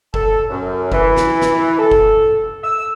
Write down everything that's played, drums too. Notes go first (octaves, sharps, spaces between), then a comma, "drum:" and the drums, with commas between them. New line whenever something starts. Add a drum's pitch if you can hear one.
A4, drum: kick F#1
F#2
E3, drum: kick F#1
drum: snare
drum: snare
A4
drum: kick F#1
E6